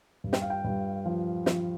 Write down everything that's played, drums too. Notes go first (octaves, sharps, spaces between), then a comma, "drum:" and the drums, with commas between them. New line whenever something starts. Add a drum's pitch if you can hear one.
G2
G5, drum: snare
F5
G5
G2
F3
F3, drum: snare